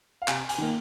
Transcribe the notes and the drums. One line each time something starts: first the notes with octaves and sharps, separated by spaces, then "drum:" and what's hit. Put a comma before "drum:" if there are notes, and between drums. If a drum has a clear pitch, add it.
F5
C3 G#5, drum: clap
G#5, drum: hi-hat
D#3 A#3